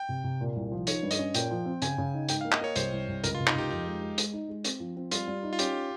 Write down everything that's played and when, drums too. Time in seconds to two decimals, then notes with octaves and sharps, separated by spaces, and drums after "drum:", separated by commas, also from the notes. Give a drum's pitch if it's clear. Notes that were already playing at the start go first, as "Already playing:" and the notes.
Already playing: G5
0.09 C3
0.24 C3
0.41 A#2
0.56 C2
0.72 F3
0.87 D#3 C#5, drum: hi-hat
1.03 G2
1.11 D#5, drum: hi-hat
1.19 C#4
1.34 A#2 G5, drum: hi-hat
1.51 F3
1.65 C4
1.82 C#3 G#5, drum: hi-hat
1.98 C#3
2.14 D#4
2.29 G#2 G5, drum: hi-hat
2.41 F5
2.45 A#3
2.52 D#5, drum: clap
2.61 A#3 C#5
2.76 C2 C5, drum: hi-hat
2.92 C2
3.08 C2
3.24 C#2 A#4, drum: hi-hat
3.35 F4
3.40 C3
3.47 D#4, drum: clap
3.55 C#2 G4
3.71 F2 D#4
3.86 G#3
4.02 G#3
4.18 G#3, drum: hi-hat
4.33 D#4
4.49 G#3
4.64 C4, drum: hi-hat
4.80 F3
4.96 C4
5.11 G3 F4, drum: hi-hat
5.28 G3
5.43 D#4
5.53 F4
5.59 C#4 G4, drum: hi-hat